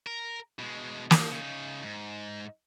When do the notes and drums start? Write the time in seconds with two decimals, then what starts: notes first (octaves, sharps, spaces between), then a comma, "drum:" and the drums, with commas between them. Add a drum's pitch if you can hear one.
0.06 A#4
0.59 B2 G#3
1.11 F3 A#3, drum: snare
1.31 C#3 D#4
1.84 G#2